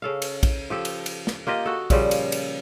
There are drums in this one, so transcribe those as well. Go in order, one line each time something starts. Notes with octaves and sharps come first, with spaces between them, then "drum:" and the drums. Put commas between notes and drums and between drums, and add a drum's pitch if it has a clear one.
C#3 A4 F5
drum: cymbal
drum: kick A#1, cymbal
F3 G4 A4
drum: cymbal
drum: cymbal
drum: snare
A#3 F4 G4 D#5
F#4 A4
A#2 C#3 F3 G3, drum: kick A#1, cymbal
drum: cymbal
drum: cymbal